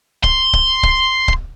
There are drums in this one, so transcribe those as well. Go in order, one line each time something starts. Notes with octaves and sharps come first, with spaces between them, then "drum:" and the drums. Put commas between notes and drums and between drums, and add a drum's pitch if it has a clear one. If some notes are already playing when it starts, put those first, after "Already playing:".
C6, drum: kick C#1
drum: kick C#1
drum: kick C#1
drum: kick C#1